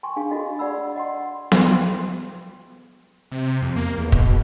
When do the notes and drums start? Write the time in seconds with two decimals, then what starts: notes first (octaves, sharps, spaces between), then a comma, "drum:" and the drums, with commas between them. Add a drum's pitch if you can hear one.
0.03 G5 G#5 C6 C#6
0.16 D4 G#4 F5 G#5
0.31 F4 F#4 A4 D#5
0.59 G#4 D5 F#5 B5 E6
0.95 D#5 F#5 C6
1.52 drum: snare B3
1.64 F4 G5 C6
3.32 C3
3.62 F2
3.76 A#3
3.98 E2
4.12 B2, drum: kick